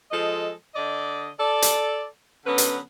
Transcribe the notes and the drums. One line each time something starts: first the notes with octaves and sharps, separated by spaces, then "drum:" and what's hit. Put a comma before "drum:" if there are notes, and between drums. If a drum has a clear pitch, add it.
F3 G#3 A4 D#5
D3 D5 D#5
A4 D5
drum: hi-hat
D3 F#3 B3 C#4 B4
drum: hi-hat